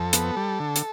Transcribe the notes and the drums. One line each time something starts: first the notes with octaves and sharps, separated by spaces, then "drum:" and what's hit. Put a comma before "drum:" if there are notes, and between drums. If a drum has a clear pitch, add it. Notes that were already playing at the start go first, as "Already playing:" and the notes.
Already playing: F2 A4
B3, drum: hi-hat
G3
D3
drum: hi-hat